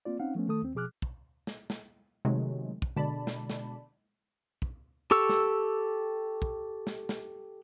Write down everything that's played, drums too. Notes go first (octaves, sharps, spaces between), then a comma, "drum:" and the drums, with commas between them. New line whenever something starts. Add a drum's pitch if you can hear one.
A#3 C4 F4 D5
C4 C#4 D#4 F5 F#5
F3 A3 B3 C#4
D#3 A3 A4 D#6
D#2 C4
B2 F3 G#4 D6 F6 F#6
drum: kick
drum: snare
drum: snare
C3 D#3 F#3 G#3 A3
drum: kick
B2 D3 G#3 D5 A5 B5
drum: snare
drum: snare
drum: kick
G4 A4 C#6 E6
drum: snare
drum: kick
drum: snare
drum: snare